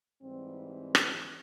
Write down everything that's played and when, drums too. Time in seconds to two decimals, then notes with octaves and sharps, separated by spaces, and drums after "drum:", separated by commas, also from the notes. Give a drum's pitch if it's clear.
0.22 G#2 E3 G3 C4
0.95 drum: rim click